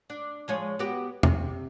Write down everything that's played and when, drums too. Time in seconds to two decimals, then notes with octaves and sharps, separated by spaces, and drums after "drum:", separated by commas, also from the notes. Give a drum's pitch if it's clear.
0.10 D4
0.48 F3 G#3 C#5
0.79 B3 F#4 G4
1.23 C3, drum: tom